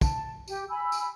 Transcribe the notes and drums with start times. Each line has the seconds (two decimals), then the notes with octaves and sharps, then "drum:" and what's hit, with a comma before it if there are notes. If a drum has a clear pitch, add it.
0.01 A5, drum: kick, tambourine
0.48 G4, drum: tambourine
0.70 G#5 B5 E6
0.92 drum: tambourine